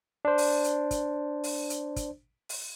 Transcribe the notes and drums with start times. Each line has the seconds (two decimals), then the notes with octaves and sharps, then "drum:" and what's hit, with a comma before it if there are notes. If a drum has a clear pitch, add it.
0.25 D4 C5
0.38 drum: open hi-hat
0.64 drum: hi-hat
0.91 drum: kick, hi-hat
1.44 drum: open hi-hat
1.70 drum: hi-hat
1.96 drum: kick, hi-hat
2.49 drum: open hi-hat